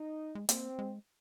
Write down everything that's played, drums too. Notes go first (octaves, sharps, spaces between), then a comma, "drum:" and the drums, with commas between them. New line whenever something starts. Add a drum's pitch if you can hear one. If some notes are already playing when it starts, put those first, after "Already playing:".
Already playing: D#4
G#3
A#3 C4, drum: hi-hat
G#3